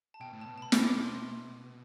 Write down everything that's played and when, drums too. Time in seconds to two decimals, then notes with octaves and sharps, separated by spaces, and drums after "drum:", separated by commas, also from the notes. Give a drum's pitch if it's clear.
0.14 A5
0.20 B2 G5
0.33 A2
0.41 B2 A5
0.58 A5
0.62 B5
0.72 drum: snare
0.84 D6
1.04 C6